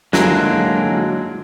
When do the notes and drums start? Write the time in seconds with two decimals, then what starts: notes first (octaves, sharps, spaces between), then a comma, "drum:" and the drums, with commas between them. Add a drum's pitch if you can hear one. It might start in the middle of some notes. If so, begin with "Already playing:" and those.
0.13 D3 F#3 G#3 A#3 D4, drum: snare